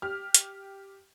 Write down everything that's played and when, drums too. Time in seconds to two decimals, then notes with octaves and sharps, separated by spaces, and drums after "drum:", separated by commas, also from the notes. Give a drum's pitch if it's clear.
0.02 G4 F6
0.34 drum: hi-hat